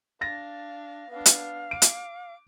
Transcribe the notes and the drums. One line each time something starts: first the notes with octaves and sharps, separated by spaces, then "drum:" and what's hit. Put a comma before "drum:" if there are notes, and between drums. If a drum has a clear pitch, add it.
D4 F5 A6 A#6
B3 D4 F5
drum: hi-hat
D6 D7
drum: hi-hat